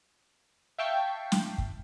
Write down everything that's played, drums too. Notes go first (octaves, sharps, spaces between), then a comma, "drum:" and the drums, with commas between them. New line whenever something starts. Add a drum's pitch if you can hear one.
E5 F5 G5 A5 C#6 C7
drum: snare
drum: kick